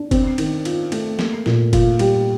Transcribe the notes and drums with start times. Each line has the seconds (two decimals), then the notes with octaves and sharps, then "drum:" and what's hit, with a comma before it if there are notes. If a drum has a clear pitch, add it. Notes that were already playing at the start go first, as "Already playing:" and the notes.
Already playing: D4
0.11 C4, drum: kick, cymbal
0.38 D#3, drum: cymbal
0.65 F4, drum: cymbal
0.92 A3, drum: cymbal
1.19 A#3, drum: snare
1.46 A#2, drum: snare
1.73 F4, drum: kick, cymbal
1.99 G3, drum: cymbal